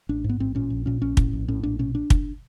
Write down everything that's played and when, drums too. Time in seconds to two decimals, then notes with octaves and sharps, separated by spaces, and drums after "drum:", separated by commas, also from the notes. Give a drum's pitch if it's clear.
0.09 A1 D4
0.24 G#2
0.29 B3
0.40 A1 C4
0.55 A#2 C#4
0.70 A#1
0.86 A#2 C#4
1.02 A#1 C#4
1.17 A2, drum: kick
1.33 A#1
1.48 A2 C#4
1.63 A#1 D4
1.79 B2 C#4
1.95 D4
2.10 drum: kick